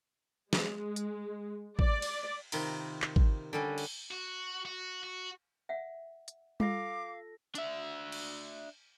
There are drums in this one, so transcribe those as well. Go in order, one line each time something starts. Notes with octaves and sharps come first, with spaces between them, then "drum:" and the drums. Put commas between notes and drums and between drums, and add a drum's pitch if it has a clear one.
G#3, drum: snare
drum: hi-hat
D5, drum: kick
drum: cymbal
C3 D#3 F4 A#5 B5, drum: cymbal
drum: clap
drum: kick
D3 G3 C#4
drum: cymbal
F#4
F#4
F#4
E5 F#5
drum: hi-hat
F4 A4 F5 D6 A#6, drum: tom G3
D4 E5, drum: hi-hat
drum: cymbal